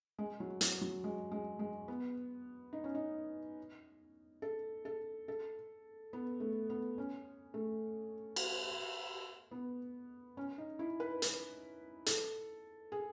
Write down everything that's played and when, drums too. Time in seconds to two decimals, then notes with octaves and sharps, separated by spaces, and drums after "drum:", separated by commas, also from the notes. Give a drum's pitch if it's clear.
0.19 G#3
0.40 F#3
0.61 F#3, drum: hi-hat
0.81 F#3
1.04 G#3
1.31 G#3
1.59 G#3
1.88 B3
2.73 D#4
2.84 C#4
2.95 D#4
4.42 A4
4.85 A4
5.28 A4
6.13 B3
6.40 A3
6.70 B3
6.98 C#4
7.54 A3
8.36 drum: cymbal
9.51 B3
10.37 C#4
10.58 D#4
10.79 E4
11.00 B4
11.22 B4, drum: hi-hat
12.06 A4, drum: hi-hat
12.92 G#4